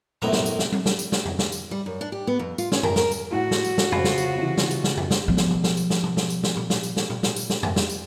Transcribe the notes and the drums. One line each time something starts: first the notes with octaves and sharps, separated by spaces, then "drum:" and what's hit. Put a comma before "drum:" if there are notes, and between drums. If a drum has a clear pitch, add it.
C2 F#2 A2 B3 E5 A#5, drum: tom A#2
drum: snare
drum: tambourine
drum: snare
drum: tom F#3
drum: snare
drum: tambourine
drum: snare
drum: tom F2
drum: snare
drum: tambourine
G3
F#2
D4
G4
B3
F2
F4, drum: tambourine
C#4, drum: snare
A#4, drum: tom F2
A#4, drum: snare
drum: tambourine
A2 F#4 F#5
drum: snare
drum: tambourine
drum: snare
C#3 F4 C5 B5, drum: tom F2
drum: snare
drum: tambourine
C3 E3
drum: snare
drum: tambourine
drum: snare
drum: tom F2
drum: snare
F3 B3
drum: snare
drum: tom B2
drum: snare
drum: tambourine
drum: snare
drum: tom B2
drum: snare
drum: tambourine
drum: snare
drum: tom A#2
drum: snare
drum: tambourine
drum: snare
drum: tom A#2
drum: snare
drum: tambourine
drum: snare
drum: tom F2
drum: snare
drum: tambourine